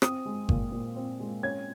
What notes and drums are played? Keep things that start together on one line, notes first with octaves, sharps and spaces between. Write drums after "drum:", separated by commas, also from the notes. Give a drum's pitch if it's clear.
C4 D#6, drum: rim click
G#3
A#2, drum: kick G1
A#2
C4
G#3
C#4 G#6